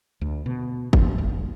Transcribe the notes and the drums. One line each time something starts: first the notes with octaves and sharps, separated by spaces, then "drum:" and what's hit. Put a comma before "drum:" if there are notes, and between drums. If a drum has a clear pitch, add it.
D2
B2
F3, drum: kick G#1
F1